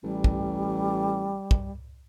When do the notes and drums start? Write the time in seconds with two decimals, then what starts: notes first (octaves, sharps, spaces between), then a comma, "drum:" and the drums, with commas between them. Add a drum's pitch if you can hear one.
0.03 A1 G3
0.24 drum: kick
1.51 drum: kick